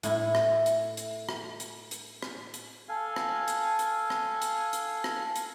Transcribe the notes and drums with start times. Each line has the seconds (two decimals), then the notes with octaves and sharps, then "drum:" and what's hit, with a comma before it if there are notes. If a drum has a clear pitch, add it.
0.03 A2 E4, drum: hi-hat
0.35 drum: rim click
0.66 drum: hi-hat
0.97 drum: hi-hat
1.29 drum: rim click
1.60 drum: hi-hat
1.91 drum: hi-hat
2.23 drum: rim click
2.54 drum: hi-hat
2.89 A4 F5 G#5
3.16 drum: rim click
3.48 drum: hi-hat
3.79 drum: hi-hat
4.10 drum: rim click
4.42 drum: hi-hat
4.73 drum: hi-hat
5.04 drum: rim click
5.36 drum: hi-hat